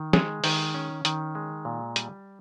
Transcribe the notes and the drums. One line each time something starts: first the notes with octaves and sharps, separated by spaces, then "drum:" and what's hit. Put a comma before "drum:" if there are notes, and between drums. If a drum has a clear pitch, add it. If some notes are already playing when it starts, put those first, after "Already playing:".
Already playing: D#3
G#3, drum: snare
D#3, drum: open hi-hat
C#4
D#3, drum: hi-hat
G#3
A#2
G3, drum: hi-hat